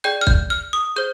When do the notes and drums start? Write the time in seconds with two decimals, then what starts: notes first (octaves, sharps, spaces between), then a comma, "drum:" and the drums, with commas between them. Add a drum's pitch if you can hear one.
0.04 G#4 D5 G5 G6
0.21 F6
0.27 G6, drum: kick
0.50 F6
0.73 D#6
0.96 G#4 C5 G6